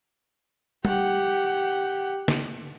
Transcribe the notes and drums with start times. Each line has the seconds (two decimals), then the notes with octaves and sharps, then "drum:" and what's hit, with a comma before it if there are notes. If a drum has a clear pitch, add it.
0.85 G4 F#5, drum: tom
2.28 drum: snare